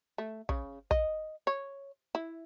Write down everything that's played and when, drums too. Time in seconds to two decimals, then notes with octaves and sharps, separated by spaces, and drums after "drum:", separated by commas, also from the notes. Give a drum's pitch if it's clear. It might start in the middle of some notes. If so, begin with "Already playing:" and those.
0.18 A3
0.49 C#3, drum: kick
0.91 D#5, drum: kick
1.47 C#5
2.15 E4